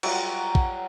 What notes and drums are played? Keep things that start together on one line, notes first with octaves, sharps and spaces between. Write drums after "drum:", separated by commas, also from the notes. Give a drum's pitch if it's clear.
F#3 G3 F4 F#5, drum: cymbal
drum: kick